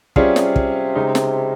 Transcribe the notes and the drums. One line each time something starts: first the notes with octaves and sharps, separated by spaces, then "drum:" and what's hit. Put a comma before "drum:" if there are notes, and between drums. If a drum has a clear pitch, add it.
C3 G3 C#4 F4 G#4, drum: kick
drum: snare
drum: kick
C#3 G#3 D#4
drum: snare